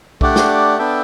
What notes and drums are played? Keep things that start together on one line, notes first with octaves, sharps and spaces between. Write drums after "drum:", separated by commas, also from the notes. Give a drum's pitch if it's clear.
A3 D4 G4 D5 F#5, drum: kick B1
drum: snare
B3 D4 A4 E5 G5